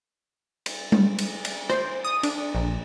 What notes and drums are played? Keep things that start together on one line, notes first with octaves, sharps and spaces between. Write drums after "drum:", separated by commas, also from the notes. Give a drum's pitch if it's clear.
drum: cymbal
drum: tom G3
drum: cymbal
drum: cymbal
C5, drum: rim click
D#6
D4, drum: cymbal
A#1